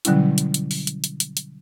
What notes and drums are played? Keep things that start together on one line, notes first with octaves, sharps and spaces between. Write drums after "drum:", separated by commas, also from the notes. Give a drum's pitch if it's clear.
B2 D3 F#3 G3 C#4 E4, drum: hi-hat
drum: hi-hat
drum: hi-hat
drum: open hi-hat
drum: hi-hat
drum: hi-hat
drum: hi-hat
drum: hi-hat